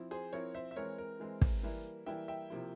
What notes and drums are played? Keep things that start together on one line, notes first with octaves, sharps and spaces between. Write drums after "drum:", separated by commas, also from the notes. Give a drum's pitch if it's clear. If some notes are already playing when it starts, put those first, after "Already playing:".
Already playing: F3 C4 E4
G#4 C5
F3 C4 E4 A#4 C#5
C5 E5
E5
E3 G#3 C4 A#4 C#5
A#4
E3 G#3 C4
drum: kick
E3 G3 A#3 E4
E3 G3 A#3 E4 E5 G5
E5 G5
C3 F3 A#3 E4